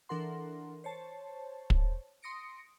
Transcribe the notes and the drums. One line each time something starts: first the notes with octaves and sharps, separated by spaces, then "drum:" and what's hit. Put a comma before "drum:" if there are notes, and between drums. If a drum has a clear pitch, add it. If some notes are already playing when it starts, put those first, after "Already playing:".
E3 D4 A4 A#4 F#5 C6
C5 C#5 A5
drum: kick
C6 D#6 A#6 C#7 D7